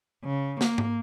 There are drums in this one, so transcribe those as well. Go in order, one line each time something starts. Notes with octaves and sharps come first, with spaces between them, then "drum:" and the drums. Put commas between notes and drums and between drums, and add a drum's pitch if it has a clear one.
C#3
A#3, drum: snare
drum: tom G#2